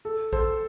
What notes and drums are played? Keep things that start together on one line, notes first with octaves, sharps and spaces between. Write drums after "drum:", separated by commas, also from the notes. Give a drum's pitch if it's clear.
A4
A4 C5, drum: kick A#1